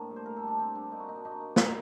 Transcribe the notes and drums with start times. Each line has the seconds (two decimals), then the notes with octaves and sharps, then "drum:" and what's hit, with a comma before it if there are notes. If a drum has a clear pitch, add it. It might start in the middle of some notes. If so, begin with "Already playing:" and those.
Already playing: A2 A#3 C4 D4
0.11 G3
0.16 C5
0.26 A2 A#4
0.37 A4
0.43 G3 D4
0.59 G3 C4
0.75 G3 D4
0.91 A#3 D#4
1.00 F#4
1.08 A#2 D#4
1.15 D4
1.25 A#2 D#4
1.41 A#3
1.56 A#3, drum: snare